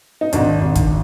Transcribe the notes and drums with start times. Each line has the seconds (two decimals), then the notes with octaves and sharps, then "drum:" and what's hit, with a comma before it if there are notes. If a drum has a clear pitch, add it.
0.21 D#4
0.33 G#1 D4, drum: hi-hat
0.61 G#1
0.75 drum: kick, hi-hat